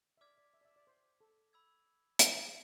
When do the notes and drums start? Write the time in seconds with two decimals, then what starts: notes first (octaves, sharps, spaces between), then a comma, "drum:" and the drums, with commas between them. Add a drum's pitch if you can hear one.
0.17 E5
0.21 D5 D6 F6 G#6 B6
0.38 D5
0.54 E5
0.61 D5
0.65 E5
0.76 D5
0.87 C5
1.21 A4
1.53 B5 E6 G#6
2.19 F4, drum: hi-hat
2.35 G#4